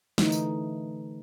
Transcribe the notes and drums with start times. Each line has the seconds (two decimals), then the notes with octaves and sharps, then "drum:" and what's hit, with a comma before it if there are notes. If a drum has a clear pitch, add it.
0.18 D3 E3 A3 D#4, drum: snare
0.32 drum: tambourine